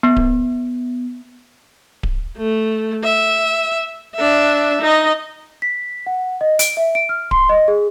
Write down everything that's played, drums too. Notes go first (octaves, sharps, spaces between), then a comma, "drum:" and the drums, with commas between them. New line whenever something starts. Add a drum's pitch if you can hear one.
B3
drum: kick D1
drum: kick D1
A3
E5
D4 E5
D#4 D#5
B6
F#5
D#5
D7, drum: hi-hat
E5
D7
F6
C6, drum: kick D1
D#5
G#4